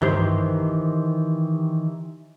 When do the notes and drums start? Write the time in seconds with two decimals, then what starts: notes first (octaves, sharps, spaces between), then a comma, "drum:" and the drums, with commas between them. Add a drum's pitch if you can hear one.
0.02 D#3 E3 G4 C5 C6, drum: tom G2